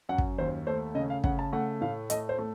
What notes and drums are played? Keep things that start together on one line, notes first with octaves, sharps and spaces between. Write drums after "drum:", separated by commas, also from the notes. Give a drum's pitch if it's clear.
F#2 F#5
drum: kick
D#2 C5
A3 C5
C#3 D#5
F5
C#3 F#5, drum: kick
A5
A3 F#5
A2 F5
A3 D#5, drum: hi-hat
C5
A3